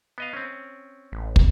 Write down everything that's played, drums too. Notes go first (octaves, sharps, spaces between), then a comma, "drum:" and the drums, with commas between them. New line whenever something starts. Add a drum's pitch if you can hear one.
B3 D#5 F5
C4 C#4
A1
drum: kick